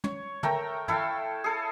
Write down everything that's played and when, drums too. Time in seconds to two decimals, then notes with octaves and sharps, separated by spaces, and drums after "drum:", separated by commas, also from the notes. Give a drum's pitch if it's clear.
0.04 C#5, drum: tom
0.43 A3 A#4 G5 A#5, drum: tom
0.88 E4 A4 F5 G5, drum: tom
1.44 G#4 A4